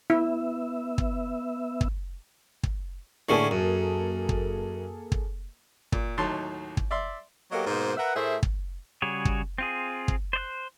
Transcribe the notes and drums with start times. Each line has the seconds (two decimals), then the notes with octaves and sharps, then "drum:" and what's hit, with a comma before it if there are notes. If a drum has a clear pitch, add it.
0.10 B3 E4 E5
0.98 drum: kick
1.81 drum: kick
2.63 drum: kick
3.29 A2 D3 A#3 C#4 G#4 A4
3.51 F#2
4.29 drum: kick
5.12 drum: kick
5.92 A#2, drum: kick
6.17 D#2 A2 F#3 D#4 A5 C6
6.77 drum: kick
6.91 D5 E5 C6
7.52 F#3 A#3 B3 G4 A4 D#5
7.66 G#2 B2 A#3 C5
7.97 A#4 B4 E5 F#5
8.15 A2 A3 G#4 A#4 C5 E5
8.43 drum: kick
9.02 C#3 G3 F#4 G#4 C#5
9.25 drum: kick
9.58 C4 F4 G#4
10.08 drum: kick
10.33 C5 D5 F#6